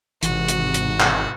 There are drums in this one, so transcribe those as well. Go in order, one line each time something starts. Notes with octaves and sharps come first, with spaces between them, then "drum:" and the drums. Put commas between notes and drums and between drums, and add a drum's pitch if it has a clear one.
G#1 G#2 C3 E3 F#4, drum: hi-hat
drum: hi-hat
drum: hi-hat
drum: clap